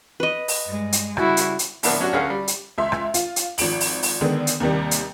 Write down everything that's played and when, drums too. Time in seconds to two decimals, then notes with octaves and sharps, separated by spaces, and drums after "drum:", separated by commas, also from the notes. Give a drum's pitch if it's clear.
0.20 B4 D#5
0.48 drum: open hi-hat
0.65 G2 G#3
0.92 drum: hi-hat
1.17 C#3 G3 E4 F#4, drum: rim click
1.37 drum: hi-hat
1.59 drum: hi-hat
1.83 A2 D3 F3 A#3 B3 D4, drum: open hi-hat
2.00 F#3 C#4 D4 F#4
2.13 D2 C#4 G#4 A#4 F5 F#5
2.30 G3
2.48 drum: hi-hat
2.78 C#2 E5 C6
2.92 drum: rim click
3.14 F4, drum: hi-hat
3.36 drum: hi-hat
3.58 G#1 F3 D7 F#7, drum: open hi-hat
3.80 drum: open hi-hat
4.03 drum: open hi-hat
4.21 D3 D#3 G#3 B3 D4
4.47 drum: hi-hat
4.60 D#2 C3 D#3 G3
4.91 drum: hi-hat